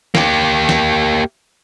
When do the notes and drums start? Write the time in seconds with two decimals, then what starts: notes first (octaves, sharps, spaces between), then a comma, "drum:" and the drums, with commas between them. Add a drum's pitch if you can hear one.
0.15 A#3 G4, drum: snare
0.69 drum: snare